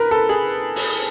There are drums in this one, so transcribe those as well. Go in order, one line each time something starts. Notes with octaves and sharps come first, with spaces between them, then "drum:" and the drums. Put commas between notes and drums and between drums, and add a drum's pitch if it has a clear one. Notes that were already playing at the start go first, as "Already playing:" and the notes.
Already playing: A#4 B4
A4
G#4
drum: open hi-hat